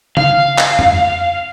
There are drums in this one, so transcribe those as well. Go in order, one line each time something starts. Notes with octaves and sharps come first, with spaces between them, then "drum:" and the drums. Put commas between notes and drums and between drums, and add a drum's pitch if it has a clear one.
F5, drum: tom C#3
drum: clap
drum: tom F2